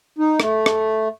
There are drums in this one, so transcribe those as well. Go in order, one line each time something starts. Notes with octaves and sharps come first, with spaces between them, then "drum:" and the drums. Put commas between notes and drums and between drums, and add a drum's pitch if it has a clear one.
D#4
A3, drum: rim click
drum: rim click